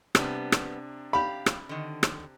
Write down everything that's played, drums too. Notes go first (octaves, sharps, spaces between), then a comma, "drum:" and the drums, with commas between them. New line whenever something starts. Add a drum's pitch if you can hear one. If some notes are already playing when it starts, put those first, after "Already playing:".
C3 G3 B3 D4, drum: rim click
drum: rim click
G4 F5 B5
drum: rim click
D3 D#3
drum: rim click